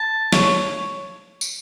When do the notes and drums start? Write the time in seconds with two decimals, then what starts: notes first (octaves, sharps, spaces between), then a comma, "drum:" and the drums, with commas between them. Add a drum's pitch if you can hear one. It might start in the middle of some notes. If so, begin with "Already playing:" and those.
Already playing: A5
0.33 C#5, drum: snare
1.41 drum: tambourine